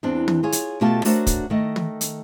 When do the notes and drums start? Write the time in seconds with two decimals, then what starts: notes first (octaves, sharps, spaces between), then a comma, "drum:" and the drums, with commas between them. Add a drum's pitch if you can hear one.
0.03 E2 B3 C4 D4
0.28 drum: tom
0.43 F4 G#4 C#5
0.52 drum: hi-hat
0.81 B2 A3 F4 G4 A4 A5
1.05 A3 D4 F#4 A#4 C5 C#5, drum: open hi-hat
1.27 drum: kick, hi-hat
1.50 D#3 A3 D#5
1.76 drum: tom
2.01 drum: hi-hat